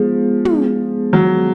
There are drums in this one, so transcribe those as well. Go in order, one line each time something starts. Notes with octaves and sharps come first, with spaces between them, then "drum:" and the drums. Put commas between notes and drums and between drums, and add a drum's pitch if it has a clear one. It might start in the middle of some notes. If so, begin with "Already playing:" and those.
Already playing: F3 G#3 B3 D#4 G#4
drum: tom
F#3